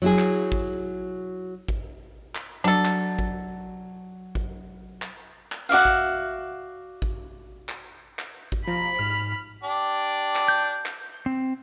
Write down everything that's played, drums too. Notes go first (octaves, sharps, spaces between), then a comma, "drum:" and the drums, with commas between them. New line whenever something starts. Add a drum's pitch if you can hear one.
F#3 E4 G#4
drum: clap
drum: kick G#1
drum: kick G#1
drum: clap
F#3 D4 A4
drum: clap
drum: kick G#1
drum: kick G#1
drum: clap
drum: clap
F#4 D5 E5 F5
drum: kick G#1
drum: kick G#1
drum: clap
drum: clap
drum: kick G#1
F3 A#5 B5
G#2 F6
D4 G4
drum: clap
G6
drum: clap
C4